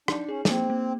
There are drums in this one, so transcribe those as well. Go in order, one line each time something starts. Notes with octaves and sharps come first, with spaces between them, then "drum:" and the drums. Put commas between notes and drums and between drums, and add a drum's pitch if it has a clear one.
D4 D#4, drum: rim click
C#4 G#4
C#4, drum: snare
A#3 C4
A#3